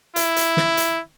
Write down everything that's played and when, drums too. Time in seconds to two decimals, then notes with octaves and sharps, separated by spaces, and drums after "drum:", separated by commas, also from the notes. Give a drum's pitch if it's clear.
0.16 E4, drum: hi-hat
0.36 drum: hi-hat
0.57 drum: snare
0.77 drum: hi-hat